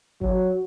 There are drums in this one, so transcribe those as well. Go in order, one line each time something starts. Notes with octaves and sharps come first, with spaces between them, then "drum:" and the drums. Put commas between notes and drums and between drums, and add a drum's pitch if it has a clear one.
F#3, drum: kick G1